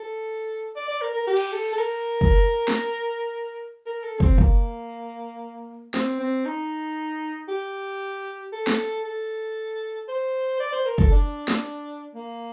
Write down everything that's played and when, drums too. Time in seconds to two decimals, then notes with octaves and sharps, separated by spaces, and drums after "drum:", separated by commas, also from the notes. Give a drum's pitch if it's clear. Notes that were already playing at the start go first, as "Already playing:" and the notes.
Already playing: A4
0.76 D5
0.88 D5
1.01 A#4
1.14 A#4
1.27 G4
1.37 drum: cymbal
1.53 A4
1.73 A4
1.79 A#4
2.21 drum: kick
2.68 drum: snare
3.86 A#4
4.04 A4
4.20 C4, drum: kick
4.38 A#3, drum: kick
5.94 C4, drum: snare
6.20 C4
6.46 D#4
7.48 G4
8.53 A4
8.67 drum: snare
9.05 A4
10.09 C5
10.60 D5
10.72 C5
10.86 A#4
10.98 A4, drum: kick
11.11 D4
11.48 drum: snare
12.15 A#3